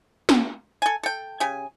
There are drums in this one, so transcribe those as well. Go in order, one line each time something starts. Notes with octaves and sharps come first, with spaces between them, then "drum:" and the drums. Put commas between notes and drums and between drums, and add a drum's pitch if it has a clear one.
drum: snare
A4 G#5
A4 G5
C#3 G4 G#5